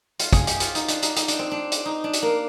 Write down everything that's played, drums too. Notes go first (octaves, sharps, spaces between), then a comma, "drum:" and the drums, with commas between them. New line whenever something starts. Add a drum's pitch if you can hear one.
F4, drum: hi-hat
G#4, drum: kick, hi-hat
G4, drum: hi-hat
F4, drum: hi-hat
D#4, drum: hi-hat
D4, drum: hi-hat
D#4, drum: hi-hat
D#4, drum: hi-hat
D4, drum: hi-hat
C4
D4
drum: hi-hat
D#4
D4
drum: hi-hat
A#3